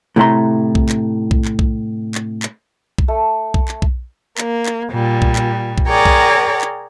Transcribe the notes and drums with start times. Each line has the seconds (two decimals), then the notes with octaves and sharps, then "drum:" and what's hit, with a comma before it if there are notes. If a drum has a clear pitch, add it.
0.16 A2 C3 A3 E4 A#5 C6
0.75 drum: kick B1
0.89 drum: clap
1.31 drum: kick B1
1.45 drum: clap
1.59 drum: kick B1
2.15 drum: clap
2.43 drum: clap
2.98 drum: kick B1
3.08 A3
3.54 drum: kick B1
3.68 drum: clap
3.82 drum: kick B1
4.38 A#3, drum: clap
4.66 drum: clap
4.90 A#2 G3
5.22 drum: kick B1
5.36 drum: clap
5.78 drum: kick B1
5.88 G#4 A#4 C#5 D5 G5 A#5
6.05 drum: kick B1
6.61 drum: clap